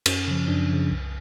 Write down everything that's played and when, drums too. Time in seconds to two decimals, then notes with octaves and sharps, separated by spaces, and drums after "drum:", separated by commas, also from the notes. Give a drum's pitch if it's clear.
0.06 F#2 C#4, drum: cymbal
0.28 C#3 F3
0.48 F#2 D4
0.69 C#3 F3
0.90 C2